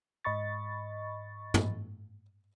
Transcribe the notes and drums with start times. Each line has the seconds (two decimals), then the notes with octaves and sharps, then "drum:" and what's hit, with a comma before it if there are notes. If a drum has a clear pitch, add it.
0.25 G#2 D#5 B5 C#6 A6
1.54 drum: tom